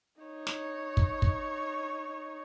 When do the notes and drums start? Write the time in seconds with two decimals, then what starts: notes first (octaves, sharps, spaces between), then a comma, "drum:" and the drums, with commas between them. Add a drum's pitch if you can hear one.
0.21 D#4 C#5
0.47 drum: snare
0.97 drum: kick
1.22 drum: kick